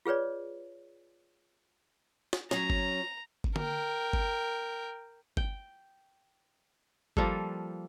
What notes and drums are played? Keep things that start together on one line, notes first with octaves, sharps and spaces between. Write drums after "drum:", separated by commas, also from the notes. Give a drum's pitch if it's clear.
F4 G#4 B4 C#5 D5
drum: snare
F#3 C#4 A#5, drum: snare
drum: kick G1
drum: kick G1
A#4 G5, drum: tom D3
drum: kick G1
G5, drum: kick G1
F3 G3 A#3 A4, drum: kick G1